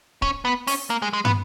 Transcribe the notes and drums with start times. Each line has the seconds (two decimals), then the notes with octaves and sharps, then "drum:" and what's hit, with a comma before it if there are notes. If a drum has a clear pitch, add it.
0.22 C#4, drum: kick D1
0.45 B3
0.67 C#4, drum: open hi-hat
0.90 A#3
1.02 G#3
1.13 G#3
1.25 B3, drum: tom